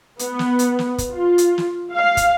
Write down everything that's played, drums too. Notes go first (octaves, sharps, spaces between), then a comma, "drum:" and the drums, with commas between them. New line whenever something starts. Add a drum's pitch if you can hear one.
B3, drum: hi-hat
drum: snare
drum: hi-hat
drum: snare
drum: kick, hi-hat
F4
drum: hi-hat
drum: snare
F5
drum: kick, hi-hat